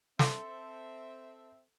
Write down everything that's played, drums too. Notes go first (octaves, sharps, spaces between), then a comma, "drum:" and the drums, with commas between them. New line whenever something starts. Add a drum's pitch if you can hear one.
C4 A4 E5 C6, drum: snare